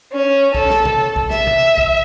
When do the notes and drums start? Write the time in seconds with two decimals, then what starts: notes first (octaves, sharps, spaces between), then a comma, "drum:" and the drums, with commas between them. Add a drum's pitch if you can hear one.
0.12 C#4
0.55 A4, drum: kick
0.70 drum: snare
0.85 drum: tom C3
1.16 drum: kick
1.30 E5, drum: snare
1.47 drum: tom C3
1.78 drum: kick